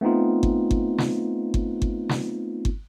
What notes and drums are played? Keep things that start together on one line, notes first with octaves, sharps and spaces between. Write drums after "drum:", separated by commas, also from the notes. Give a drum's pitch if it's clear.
A3 B3 C4 D#4 F4
drum: kick G1
drum: kick G1
drum: snare
drum: kick G1
drum: kick G1
drum: snare
drum: kick G1